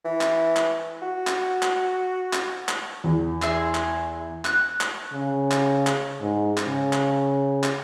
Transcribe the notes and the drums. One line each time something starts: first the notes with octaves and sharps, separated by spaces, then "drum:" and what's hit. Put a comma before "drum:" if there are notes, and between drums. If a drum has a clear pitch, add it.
E3
drum: clap
drum: clap
F#4
drum: clap
drum: clap
drum: clap
drum: clap
E2
G#4 E5 C6, drum: clap
drum: clap
F#6, drum: clap
drum: clap
C#3
drum: clap
drum: clap
G#2
drum: clap
C#3
drum: clap
drum: clap